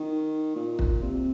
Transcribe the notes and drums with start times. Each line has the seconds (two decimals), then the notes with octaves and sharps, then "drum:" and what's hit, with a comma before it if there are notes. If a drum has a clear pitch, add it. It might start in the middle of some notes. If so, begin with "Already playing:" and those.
Already playing: D#3
0.56 A#2
0.79 drum: kick
1.02 C3